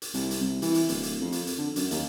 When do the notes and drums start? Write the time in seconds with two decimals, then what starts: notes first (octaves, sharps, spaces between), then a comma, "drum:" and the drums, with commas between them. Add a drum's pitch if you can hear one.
0.02 drum: hi-hat
0.14 C2, drum: hi-hat
0.31 drum: hi-hat
0.41 C2
0.62 E3, drum: hi-hat
0.74 drum: hi-hat
0.89 D1, drum: hi-hat
1.03 drum: hi-hat
1.21 F2
1.32 drum: hi-hat
1.47 drum: hi-hat
1.58 D3
1.76 F#2, drum: hi-hat
1.91 D#2, drum: hi-hat